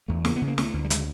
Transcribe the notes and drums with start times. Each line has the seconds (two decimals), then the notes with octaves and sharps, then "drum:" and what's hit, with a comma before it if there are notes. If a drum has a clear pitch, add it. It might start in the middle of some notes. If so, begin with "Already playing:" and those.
0.08 E2 A3
0.25 C#3 A#3, drum: snare
0.36 B3
0.42 C#3
0.47 A#3
0.58 D2 A3, drum: snare
0.74 D2
0.84 G3
0.90 C#3 G#3, drum: hi-hat